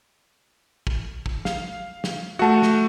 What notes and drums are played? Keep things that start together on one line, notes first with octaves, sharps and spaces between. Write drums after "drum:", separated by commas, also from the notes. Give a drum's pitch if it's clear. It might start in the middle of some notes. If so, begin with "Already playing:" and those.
drum: kick
drum: kick
F5, drum: snare
drum: snare
A3 F#4 F#5 A5
drum: snare